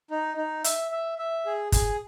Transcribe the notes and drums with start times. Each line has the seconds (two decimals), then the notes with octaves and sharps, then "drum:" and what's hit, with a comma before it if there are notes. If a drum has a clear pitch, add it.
0.11 D#4
0.37 D#4
0.64 E5, drum: hi-hat
0.91 E5
1.18 E5
1.46 G#4
1.72 G#4, drum: kick F#1, hi-hat